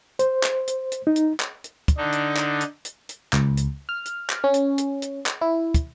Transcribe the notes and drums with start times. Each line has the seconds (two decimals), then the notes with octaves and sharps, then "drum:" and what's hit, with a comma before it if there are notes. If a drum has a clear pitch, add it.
0.19 C5, drum: hi-hat
0.43 drum: clap
0.68 drum: hi-hat
0.92 drum: hi-hat
1.07 D#4
1.16 drum: hi-hat
1.40 drum: clap
1.64 drum: hi-hat
1.88 drum: kick, hi-hat
1.97 D3 D4 D#4
2.12 drum: hi-hat
2.37 drum: clap
2.61 drum: hi-hat
2.85 drum: hi-hat
3.09 drum: hi-hat
3.33 C#2, drum: clap
3.57 drum: hi-hat
3.89 F6
4.06 drum: hi-hat
4.30 drum: clap
4.44 C#4
4.54 drum: hi-hat
4.78 drum: hi-hat
5.02 drum: hi-hat
5.26 drum: clap
5.41 E4
5.74 drum: kick, hi-hat